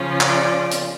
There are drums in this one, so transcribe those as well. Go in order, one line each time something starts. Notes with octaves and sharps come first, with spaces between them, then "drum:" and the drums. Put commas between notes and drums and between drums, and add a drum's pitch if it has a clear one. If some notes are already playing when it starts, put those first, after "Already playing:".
Already playing: C#3 F3 C#4
D5, drum: clap
drum: hi-hat